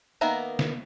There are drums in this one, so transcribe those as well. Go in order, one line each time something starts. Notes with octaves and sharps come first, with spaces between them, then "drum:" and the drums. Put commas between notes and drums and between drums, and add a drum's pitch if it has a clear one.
D#3 A#3 B3 E5 A#5
drum: snare